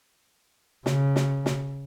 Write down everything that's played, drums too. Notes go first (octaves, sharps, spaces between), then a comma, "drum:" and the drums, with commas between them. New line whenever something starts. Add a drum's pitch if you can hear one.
C#3, drum: snare
drum: snare
drum: snare